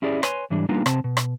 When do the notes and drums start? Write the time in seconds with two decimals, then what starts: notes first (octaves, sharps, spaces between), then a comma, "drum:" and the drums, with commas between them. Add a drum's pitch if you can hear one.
0.02 C#4 E4 G4 G#4 D5
0.23 B4 C#5 G#5 C6, drum: rim click
0.50 G#2 E3 G3 D4
0.69 G3 A#3 B3 D4 D#4 F4
0.86 C3 C4 C5 A5, drum: rim click
1.04 B2
1.17 drum: rim click